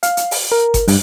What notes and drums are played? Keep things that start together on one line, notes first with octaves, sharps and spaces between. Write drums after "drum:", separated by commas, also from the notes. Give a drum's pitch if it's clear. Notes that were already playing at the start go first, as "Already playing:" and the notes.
F5, drum: hi-hat
drum: hi-hat
drum: open hi-hat
A#4
drum: kick G1, hi-hat
G2, drum: open hi-hat